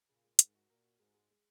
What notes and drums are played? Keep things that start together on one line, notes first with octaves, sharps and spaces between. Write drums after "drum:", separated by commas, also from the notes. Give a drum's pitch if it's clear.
A#2 C#3
G#3
G#2 A#4, drum: hi-hat
F#4
A#2 A#4
F#4
G#2 G#3
G#3
G#3